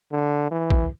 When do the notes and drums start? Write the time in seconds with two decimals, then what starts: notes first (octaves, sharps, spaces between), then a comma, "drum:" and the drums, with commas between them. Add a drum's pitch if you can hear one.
0.12 D3
0.51 E3
0.70 drum: kick